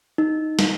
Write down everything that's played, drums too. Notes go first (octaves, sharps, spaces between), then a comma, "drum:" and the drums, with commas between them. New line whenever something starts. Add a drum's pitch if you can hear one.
D#4
drum: snare